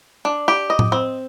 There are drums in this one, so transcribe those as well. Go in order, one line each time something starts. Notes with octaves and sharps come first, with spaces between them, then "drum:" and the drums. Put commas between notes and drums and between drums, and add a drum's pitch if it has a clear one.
D4
G4
D#5
drum: tom A2
C4